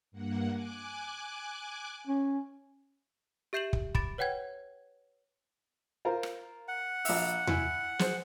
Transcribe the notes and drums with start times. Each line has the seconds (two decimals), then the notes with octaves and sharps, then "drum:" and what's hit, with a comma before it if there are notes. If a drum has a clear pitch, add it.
0.11 G2 A#3 F#5
0.51 G#5 D6 F#6
2.07 C#4
3.53 G4 E5 G6 C7 E7 F#7
3.73 drum: kick
3.95 B5 D6 A6 D7, drum: kick
4.18 B4 C#5 F#5 G5 G#6
6.05 F4 A#4 C5
6.23 drum: rim click
6.68 F#5
7.05 A#1 E5, drum: open hi-hat
7.47 E4 G#5, drum: tom E2
7.99 G#4 C5, drum: snare